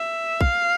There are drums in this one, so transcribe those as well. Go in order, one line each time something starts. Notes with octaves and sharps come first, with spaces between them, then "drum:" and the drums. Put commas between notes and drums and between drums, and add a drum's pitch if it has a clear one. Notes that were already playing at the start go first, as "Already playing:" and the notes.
Already playing: E5
F5, drum: kick